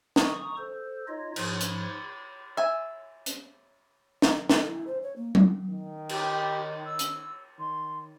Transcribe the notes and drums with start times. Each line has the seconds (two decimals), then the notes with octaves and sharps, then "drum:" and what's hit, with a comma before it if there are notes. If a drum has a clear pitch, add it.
0.16 A#5 C#6 D#6, drum: snare
0.57 A4 C5
1.08 D#4 F4 C#5 D#5
1.36 G#2 F3 C#5, drum: cymbal
1.61 drum: hi-hat
2.57 E5 G#5
3.26 drum: hi-hat
4.22 drum: snare
4.50 A4, drum: snare
4.67 E4
4.87 C5
5.02 C#5
5.16 A#3
5.35 E4, drum: tom F#3
5.69 D#3
6.09 G4, drum: cymbal
6.85 E6
6.99 drum: hi-hat
7.59 D#3 C6